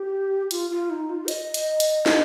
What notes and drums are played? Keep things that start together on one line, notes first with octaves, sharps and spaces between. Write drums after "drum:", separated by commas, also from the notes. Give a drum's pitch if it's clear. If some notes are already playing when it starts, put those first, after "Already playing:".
Already playing: G4
F4, drum: hi-hat
F4
D#4
F4
D#5, drum: hi-hat
drum: hi-hat
drum: hi-hat
drum: snare